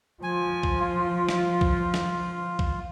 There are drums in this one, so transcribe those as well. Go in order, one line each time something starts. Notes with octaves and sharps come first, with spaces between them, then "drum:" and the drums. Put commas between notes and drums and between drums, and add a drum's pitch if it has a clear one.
F3 G#5
drum: kick B1
F4
drum: snare
drum: kick B1
drum: snare
drum: kick B1